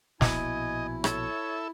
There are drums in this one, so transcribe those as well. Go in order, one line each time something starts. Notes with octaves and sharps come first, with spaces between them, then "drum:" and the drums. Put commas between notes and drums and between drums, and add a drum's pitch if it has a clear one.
A#1 B2 E4 D#5 G#5, drum: snare
A4 C#5 E5, drum: rim click